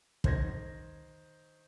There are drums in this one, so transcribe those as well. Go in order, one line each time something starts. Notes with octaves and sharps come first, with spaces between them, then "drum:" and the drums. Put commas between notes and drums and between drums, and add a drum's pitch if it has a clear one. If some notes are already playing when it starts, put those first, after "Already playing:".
D#3 C5 G#6 A#6, drum: kick